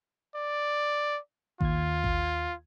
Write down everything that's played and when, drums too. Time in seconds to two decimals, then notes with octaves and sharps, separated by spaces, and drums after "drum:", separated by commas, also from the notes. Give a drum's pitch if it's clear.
0.35 D5
1.61 D#2 F4 G#6, drum: kick A1
2.04 drum: kick A1